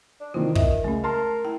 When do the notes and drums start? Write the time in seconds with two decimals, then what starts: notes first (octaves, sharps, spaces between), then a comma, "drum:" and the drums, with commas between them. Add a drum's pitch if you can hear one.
0.20 D4
0.34 C3 D#3 E3 C4 F4
0.55 D#3 D#5 E5, drum: kick
0.84 C#2 A3 C#4
1.04 A#4 A5 C6
1.45 E4 G5